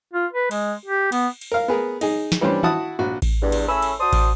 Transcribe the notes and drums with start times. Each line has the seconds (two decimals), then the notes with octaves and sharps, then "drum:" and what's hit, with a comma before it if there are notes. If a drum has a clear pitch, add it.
0.13 F4
0.33 B4
0.51 G#3, drum: cymbal
0.85 G4
1.12 B3, drum: cymbal
1.41 drum: cymbal
1.52 A#4 F5
1.68 B3 G#4 A#4
2.01 D#4 G#4, drum: cymbal
2.32 drum: snare
2.41 E3 G3 C#4 D4 C5
2.63 E4 F#4 F#5 A5 D#6, drum: tom D#3
2.99 A#1 F#4
3.22 drum: kick A1, cymbal
3.42 E2 G2
3.52 drum: cymbal
3.68 A2 A3 C#4 G#4 B5 E6
3.82 drum: cymbal
4.00 F#4 C5 D5 A5 C6 D#6
4.13 drum: kick A1, cymbal